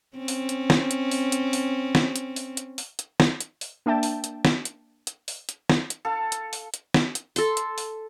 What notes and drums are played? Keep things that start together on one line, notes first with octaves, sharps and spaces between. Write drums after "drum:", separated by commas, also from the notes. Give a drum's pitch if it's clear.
C4 C#4
drum: open hi-hat
drum: hi-hat
drum: snare
drum: hi-hat
drum: open hi-hat
drum: hi-hat
drum: open hi-hat
drum: snare
drum: hi-hat
drum: open hi-hat
drum: hi-hat
drum: open hi-hat
drum: hi-hat
drum: snare
drum: hi-hat
drum: open hi-hat
A#3 D4 E5 G5 A5
drum: open hi-hat
drum: hi-hat
drum: snare
drum: hi-hat
drum: hi-hat
drum: open hi-hat
drum: hi-hat
drum: snare
drum: hi-hat
A4 F5
drum: hi-hat
drum: open hi-hat
drum: hi-hat
drum: snare
drum: hi-hat
A4 C6, drum: open hi-hat
drum: hi-hat
drum: open hi-hat